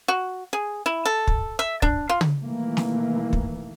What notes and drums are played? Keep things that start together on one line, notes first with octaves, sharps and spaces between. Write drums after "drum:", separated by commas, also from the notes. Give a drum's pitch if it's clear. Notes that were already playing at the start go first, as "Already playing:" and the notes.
F#4
G#4
E4
A4
drum: kick
E5
D4, drum: kick
F4
drum: tom
B2 D#3 E3 G3 A3 A#3
drum: snare
drum: kick